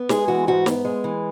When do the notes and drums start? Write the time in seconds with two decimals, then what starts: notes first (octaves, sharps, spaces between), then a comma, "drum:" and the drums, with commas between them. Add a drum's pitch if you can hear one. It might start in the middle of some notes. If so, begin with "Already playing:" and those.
Already playing: B3
0.09 G#3 G#4, drum: snare
0.28 E3 F#4
0.47 G#2 F#4
0.66 B3, drum: snare
0.85 G#3
1.04 E3